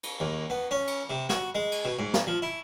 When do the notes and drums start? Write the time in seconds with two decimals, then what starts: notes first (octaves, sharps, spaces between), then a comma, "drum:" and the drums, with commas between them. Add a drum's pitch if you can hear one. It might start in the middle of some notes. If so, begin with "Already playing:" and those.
0.03 drum: cymbal
0.20 D#2
0.50 B3
0.71 C#4
0.87 drum: cymbal
1.10 C3
1.29 F#4, drum: snare
1.55 G#3
1.72 drum: cymbal
1.85 B2
1.99 G#2
2.14 drum: snare
2.27 F3
2.42 E4